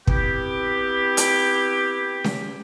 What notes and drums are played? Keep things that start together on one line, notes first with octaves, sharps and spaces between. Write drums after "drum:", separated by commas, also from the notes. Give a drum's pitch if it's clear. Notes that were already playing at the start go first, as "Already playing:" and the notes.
B3 C4 E4 G4, drum: kick
drum: hi-hat
drum: snare C#4